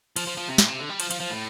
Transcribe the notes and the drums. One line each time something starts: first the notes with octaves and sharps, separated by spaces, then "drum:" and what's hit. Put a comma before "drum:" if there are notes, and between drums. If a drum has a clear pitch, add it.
F3, drum: cymbal
F3
F3
C3
A2, drum: snare
C3
D3
G3
F3, drum: cymbal
F3, drum: cymbal
F3
A2